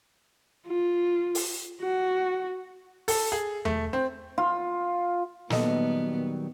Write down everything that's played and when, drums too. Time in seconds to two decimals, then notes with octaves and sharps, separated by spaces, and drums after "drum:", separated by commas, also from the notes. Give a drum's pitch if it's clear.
0.67 F4
1.35 drum: open hi-hat
1.82 F#4
3.08 A4, drum: open hi-hat
3.32 G#4
3.65 A3, drum: tom E2
3.93 C4
4.38 F4
5.50 A#2 D#3 F#3 G3 B3 A4 D#5, drum: snare